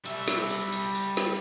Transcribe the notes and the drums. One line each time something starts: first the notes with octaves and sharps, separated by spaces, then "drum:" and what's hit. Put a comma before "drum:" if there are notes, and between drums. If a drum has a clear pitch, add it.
G3 E5, drum: tambourine
drum: snare
drum: tambourine
drum: tambourine
drum: tambourine
drum: snare